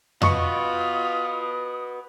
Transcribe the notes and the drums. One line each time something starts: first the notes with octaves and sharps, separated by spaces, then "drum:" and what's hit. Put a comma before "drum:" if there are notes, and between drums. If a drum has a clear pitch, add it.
F4 F#4 B4 D#5 C#6 D#6 C#7, drum: tom F2